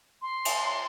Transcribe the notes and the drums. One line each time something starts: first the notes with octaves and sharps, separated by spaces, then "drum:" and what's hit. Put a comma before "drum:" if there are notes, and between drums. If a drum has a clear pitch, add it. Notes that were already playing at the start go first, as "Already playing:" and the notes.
C6
drum: cymbal